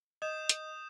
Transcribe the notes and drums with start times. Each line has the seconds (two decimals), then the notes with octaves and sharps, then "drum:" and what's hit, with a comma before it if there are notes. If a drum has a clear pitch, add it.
0.22 D#5 D#6 G6 E7
0.49 drum: hi-hat